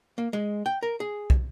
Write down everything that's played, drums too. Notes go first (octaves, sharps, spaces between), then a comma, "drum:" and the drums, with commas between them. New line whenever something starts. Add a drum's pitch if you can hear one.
A#3
G#3
G5
A#4
G#4
drum: kick